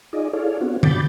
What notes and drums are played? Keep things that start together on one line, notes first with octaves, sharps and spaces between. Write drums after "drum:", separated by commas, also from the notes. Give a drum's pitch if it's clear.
D#4 F4 G#4 D5 D#5
E4 G#4 A4 C#5 D5 F5
B3 C4 D4 F4 F#4
G2 C3 B5 D6 G6 A6, drum: tom D3